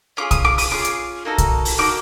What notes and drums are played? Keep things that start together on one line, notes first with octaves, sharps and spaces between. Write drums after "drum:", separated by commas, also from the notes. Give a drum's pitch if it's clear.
C#4 F4 G#4 D6
D#6, drum: kick B1, hi-hat
D6
D#6, drum: open hi-hat
C#4 F4 G#4 D6
drum: hi-hat
A#3 D#4 F#4 A4
drum: kick B1, hi-hat
drum: open hi-hat
A#3 D#4 F#4 A4 D6